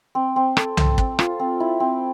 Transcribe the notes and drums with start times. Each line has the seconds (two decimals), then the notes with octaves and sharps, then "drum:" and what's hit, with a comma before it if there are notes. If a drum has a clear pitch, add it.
0.15 C4
0.36 C4
0.57 A4, drum: rim click
0.77 A4, drum: tom C2
0.98 C4, drum: kick
1.19 F4, drum: rim click
1.39 C4
1.60 E4
1.80 C4